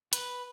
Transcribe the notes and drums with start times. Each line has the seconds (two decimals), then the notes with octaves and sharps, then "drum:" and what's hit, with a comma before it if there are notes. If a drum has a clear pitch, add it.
0.13 B4, drum: hi-hat